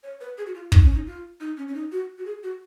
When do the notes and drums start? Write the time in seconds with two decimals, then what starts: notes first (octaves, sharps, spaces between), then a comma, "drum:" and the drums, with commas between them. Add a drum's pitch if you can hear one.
0.03 C#5
0.21 B4
0.38 G#4
0.46 F#4
0.54 F4
0.72 D#4, drum: kick
0.83 C#4
0.95 D#4
1.06 F4
1.40 D#4
1.57 C#4
1.68 C#4
1.74 D#4
1.92 F#4
2.18 F#4
2.26 G#4
2.43 F#4